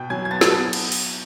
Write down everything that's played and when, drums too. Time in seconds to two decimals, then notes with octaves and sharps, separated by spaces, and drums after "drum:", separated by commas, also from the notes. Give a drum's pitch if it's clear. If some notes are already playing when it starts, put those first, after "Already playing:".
Already playing: B2 G5 G6
0.10 F#3 G#5 G#6
0.25 G#6
0.31 B3 A5 A6
0.41 G#6, drum: snare
0.51 B3 A5 A6
0.73 drum: cymbal
0.92 drum: open hi-hat